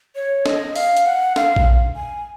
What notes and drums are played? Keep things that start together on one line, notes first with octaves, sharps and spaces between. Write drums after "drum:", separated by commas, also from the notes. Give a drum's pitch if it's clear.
C#5
D#5, drum: snare
F5, drum: open hi-hat
drum: hi-hat
F#5
F5, drum: snare
drum: kick A#1
G#5